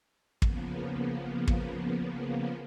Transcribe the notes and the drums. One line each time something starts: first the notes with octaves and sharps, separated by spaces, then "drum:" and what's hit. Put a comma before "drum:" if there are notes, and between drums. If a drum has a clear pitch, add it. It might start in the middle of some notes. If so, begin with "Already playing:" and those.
C#3 F3 A#3 B3, drum: kick
drum: kick